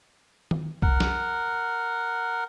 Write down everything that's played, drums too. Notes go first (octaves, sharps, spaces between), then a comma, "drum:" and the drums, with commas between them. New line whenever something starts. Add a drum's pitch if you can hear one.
drum: tom D#3
A#4 F#5, drum: kick B1
drum: snare